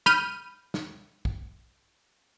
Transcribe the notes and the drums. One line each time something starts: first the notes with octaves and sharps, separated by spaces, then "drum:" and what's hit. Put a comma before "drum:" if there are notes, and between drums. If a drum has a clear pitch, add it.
B5 F6 G6 D#7, drum: snare
drum: snare
drum: kick